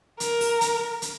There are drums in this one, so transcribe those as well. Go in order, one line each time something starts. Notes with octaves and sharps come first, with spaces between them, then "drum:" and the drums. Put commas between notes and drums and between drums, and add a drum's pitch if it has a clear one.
A#4, drum: hi-hat
drum: open hi-hat
drum: hi-hat
drum: hi-hat